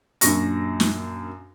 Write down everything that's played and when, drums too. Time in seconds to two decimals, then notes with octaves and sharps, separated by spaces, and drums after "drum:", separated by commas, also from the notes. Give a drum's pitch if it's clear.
0.21 F#2 A#2 D4 C#6 A#6, drum: hi-hat
0.80 drum: snare